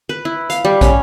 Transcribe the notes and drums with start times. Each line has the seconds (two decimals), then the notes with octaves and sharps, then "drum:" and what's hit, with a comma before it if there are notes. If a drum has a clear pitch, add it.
0.09 B4
0.25 E4
0.50 F5, drum: hi-hat
0.65 G3
0.81 C#4, drum: kick, hi-hat